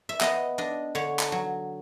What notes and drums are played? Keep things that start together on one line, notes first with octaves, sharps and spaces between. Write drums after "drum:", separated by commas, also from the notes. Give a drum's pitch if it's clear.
E5
B3 D#5, drum: clap
D4 D#5
D3 C#5
drum: clap
F#3